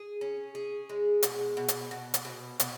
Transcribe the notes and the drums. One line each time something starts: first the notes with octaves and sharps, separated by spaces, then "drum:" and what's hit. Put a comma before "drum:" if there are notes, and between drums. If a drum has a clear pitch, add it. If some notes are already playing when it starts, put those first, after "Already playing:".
Already playing: G#4
C#4
G#4
G#3
B2, drum: hi-hat
B2
drum: hi-hat
B2
drum: hi-hat
B2
B2, drum: hi-hat